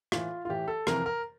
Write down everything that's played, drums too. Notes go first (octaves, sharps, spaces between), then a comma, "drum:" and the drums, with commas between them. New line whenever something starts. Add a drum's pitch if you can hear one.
A2 E3 F4, drum: rim click
F4
A2 E3 G4
A4
F2 C3 E3 A#4, drum: rim click
A#4